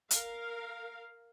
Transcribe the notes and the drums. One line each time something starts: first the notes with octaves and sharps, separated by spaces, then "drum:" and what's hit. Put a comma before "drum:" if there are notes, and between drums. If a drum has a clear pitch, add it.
A#4 F5, drum: hi-hat